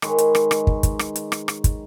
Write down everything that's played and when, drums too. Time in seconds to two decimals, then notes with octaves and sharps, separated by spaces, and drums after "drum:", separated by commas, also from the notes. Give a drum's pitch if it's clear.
0.02 D#3 G#3 B4 C#5, drum: rim click
0.18 drum: hi-hat
0.35 drum: rim click
0.51 drum: rim click
0.67 drum: kick
0.83 drum: kick, hi-hat
0.99 drum: rim click
1.16 drum: hi-hat
1.32 drum: rim click
1.48 drum: rim click
1.64 drum: kick, hi-hat